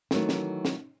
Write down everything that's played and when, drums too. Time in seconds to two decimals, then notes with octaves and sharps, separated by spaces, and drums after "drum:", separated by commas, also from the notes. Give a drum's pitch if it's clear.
0.11 D#3 E3 F#3 A3, drum: snare
0.29 drum: snare
0.65 drum: snare